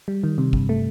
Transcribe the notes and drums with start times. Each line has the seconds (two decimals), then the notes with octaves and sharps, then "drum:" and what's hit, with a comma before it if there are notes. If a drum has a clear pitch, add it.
0.08 G3
0.24 D#3
0.38 C3
0.53 G2, drum: kick
0.69 A3